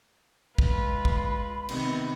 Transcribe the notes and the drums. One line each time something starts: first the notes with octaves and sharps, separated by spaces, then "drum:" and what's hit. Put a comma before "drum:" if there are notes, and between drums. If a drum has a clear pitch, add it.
G#3 F4 B4, drum: kick
B5, drum: kick
C3 D#3 B3, drum: cymbal